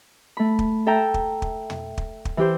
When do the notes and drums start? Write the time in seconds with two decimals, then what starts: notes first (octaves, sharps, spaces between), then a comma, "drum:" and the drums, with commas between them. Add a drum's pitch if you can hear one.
0.37 A3 B5
0.59 drum: kick
0.86 A4 E5 G5 A#5
1.14 drum: kick
1.42 drum: kick
1.70 drum: tom
1.98 drum: kick
2.25 drum: kick
2.37 E3 G4 C5